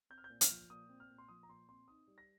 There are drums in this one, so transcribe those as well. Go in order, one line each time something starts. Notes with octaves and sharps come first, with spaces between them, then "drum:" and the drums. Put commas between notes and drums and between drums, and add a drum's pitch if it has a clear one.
C4 G6
F6
G6
A#2
F6, drum: hi-hat
F3
A#2 D#6
C4
F6
A#2
C6
F3 D#6
A#5
A#2 C6
C4 C6
D#4 D#6
G3
A#6